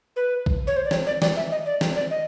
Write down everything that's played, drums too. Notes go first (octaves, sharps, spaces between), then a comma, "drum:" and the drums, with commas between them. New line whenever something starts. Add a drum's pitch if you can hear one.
B4
drum: kick
C#5
C5
D5
C#5, drum: snare
D5
D5, drum: snare
E5
D#5
D5
drum: snare
D5
D#5